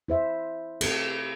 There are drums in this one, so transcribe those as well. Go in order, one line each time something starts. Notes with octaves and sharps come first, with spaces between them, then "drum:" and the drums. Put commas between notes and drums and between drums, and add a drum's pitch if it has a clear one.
E4 C5 E5
C4 G4 A4, drum: cymbal